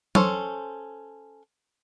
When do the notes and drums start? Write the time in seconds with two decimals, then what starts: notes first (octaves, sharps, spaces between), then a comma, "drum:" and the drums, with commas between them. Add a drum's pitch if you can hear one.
0.15 C#4 A4 C5, drum: tom F#3